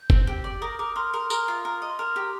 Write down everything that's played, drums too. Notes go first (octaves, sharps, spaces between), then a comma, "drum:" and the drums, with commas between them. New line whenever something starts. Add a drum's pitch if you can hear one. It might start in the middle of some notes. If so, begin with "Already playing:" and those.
Already playing: G6
C4, drum: kick
G4
D5
A#4 D#6
A#4 D6
A#4 C6
A#4 C6
A#4, drum: tambourine
F4
A#4
D#5
C6
A#4 A#5
G4